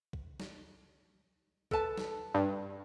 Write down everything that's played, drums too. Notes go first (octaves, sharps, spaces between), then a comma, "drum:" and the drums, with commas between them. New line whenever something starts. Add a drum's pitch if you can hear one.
drum: kick B1
drum: snare
A4 B4 A5, drum: kick B1
drum: snare
G2